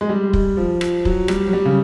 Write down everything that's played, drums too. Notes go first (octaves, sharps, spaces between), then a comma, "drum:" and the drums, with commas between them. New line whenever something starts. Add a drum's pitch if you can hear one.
G#3
G3
drum: kick
F3
drum: rim click
F#3, drum: kick
G3, drum: rim click
F#3
G3
C#3